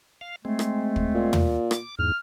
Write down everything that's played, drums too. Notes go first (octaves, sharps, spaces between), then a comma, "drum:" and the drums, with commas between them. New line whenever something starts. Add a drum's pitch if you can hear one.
F5
G#3 A3 C4
drum: rim click
drum: kick
A#2
drum: tom
D6, drum: rim click
E2 G#2 F6